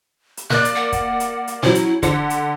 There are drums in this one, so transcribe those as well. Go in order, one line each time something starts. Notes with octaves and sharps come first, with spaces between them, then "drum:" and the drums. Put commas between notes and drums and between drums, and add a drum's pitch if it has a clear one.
drum: hi-hat
A#3 D5 F#6, drum: snare
drum: hi-hat
F#5
drum: kick, hi-hat
drum: hi-hat
drum: hi-hat
F#3 C#4 E4, drum: snare
drum: hi-hat
D3 F#5, drum: kick, hi-hat
drum: hi-hat